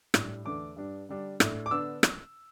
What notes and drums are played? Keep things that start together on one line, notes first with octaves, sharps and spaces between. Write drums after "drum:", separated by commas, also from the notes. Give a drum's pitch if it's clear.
A2 G3 D4, drum: rim click
E2 D3 A3 D4 D6
G2 G3 D4
D3 G3 D4
A2 A3 D4, drum: rim click
D6
D3 B3 D4 E6
drum: rim click